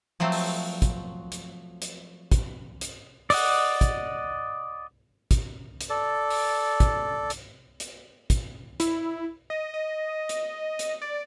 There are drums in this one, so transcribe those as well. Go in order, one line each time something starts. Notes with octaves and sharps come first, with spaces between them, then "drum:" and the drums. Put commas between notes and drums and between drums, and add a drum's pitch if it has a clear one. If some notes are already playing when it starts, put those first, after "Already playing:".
F3 F#3 A3 C4
drum: open hi-hat
drum: kick, hi-hat
drum: hi-hat
drum: hi-hat
drum: kick, hi-hat
drum: hi-hat
D5 D#5 F#5, drum: open hi-hat
drum: kick, hi-hat
drum: kick, hi-hat
drum: hi-hat
A4 D5
drum: open hi-hat
drum: kick, hi-hat
drum: hi-hat
drum: hi-hat
drum: kick, hi-hat
E4, drum: hi-hat
D#5
D#5
drum: hi-hat
drum: hi-hat
D5